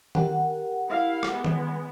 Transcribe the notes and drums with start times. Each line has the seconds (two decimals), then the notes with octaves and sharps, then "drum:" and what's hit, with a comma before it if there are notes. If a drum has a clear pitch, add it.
0.15 G4 A#4 F#5, drum: tom D#3
0.88 E4 F5
1.23 drum: rim click
1.33 G#3 B3
1.45 drum: tom D#3